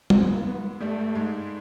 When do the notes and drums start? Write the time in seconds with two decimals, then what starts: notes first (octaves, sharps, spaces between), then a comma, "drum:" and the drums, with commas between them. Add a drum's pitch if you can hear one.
0.10 G#2 G#3 C4, drum: tom
0.22 B3
0.34 A#3
0.46 B3
0.80 G2 G3 A3
1.15 G#2 G#3